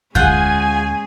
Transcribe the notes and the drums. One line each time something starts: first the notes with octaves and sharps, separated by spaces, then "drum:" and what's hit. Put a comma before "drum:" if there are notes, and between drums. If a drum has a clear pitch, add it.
D2 G#3 C#4 F4 G#4 F#5 G#5 G6, drum: kick F2